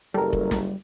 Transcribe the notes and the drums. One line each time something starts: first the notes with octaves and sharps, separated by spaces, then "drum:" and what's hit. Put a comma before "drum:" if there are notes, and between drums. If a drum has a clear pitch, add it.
F#1 G3 A4 A#4
drum: kick
drum: snare